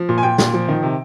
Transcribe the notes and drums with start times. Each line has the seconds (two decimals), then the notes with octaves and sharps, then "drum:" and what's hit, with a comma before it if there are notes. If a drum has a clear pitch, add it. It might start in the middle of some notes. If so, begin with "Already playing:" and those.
Already playing: F3
0.09 A#2
0.18 G#5
0.23 A#2 G5
0.38 A#2, drum: snare
0.54 F3
0.68 D#3
0.83 C3